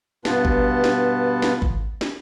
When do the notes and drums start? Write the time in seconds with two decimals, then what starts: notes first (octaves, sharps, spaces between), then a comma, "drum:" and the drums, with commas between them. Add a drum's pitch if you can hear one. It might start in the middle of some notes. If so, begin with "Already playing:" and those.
0.25 G2 B2 B3 F4 B4 A5, drum: snare
0.45 drum: kick G#1
0.84 drum: snare
1.42 drum: snare
1.62 drum: kick G#1
2.01 drum: snare